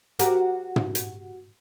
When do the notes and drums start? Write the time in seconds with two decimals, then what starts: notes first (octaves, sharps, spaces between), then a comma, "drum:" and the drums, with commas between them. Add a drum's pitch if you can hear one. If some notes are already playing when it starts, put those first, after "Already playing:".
0.19 F#4 G4 A#4, drum: hi-hat
0.76 drum: tom
0.95 drum: hi-hat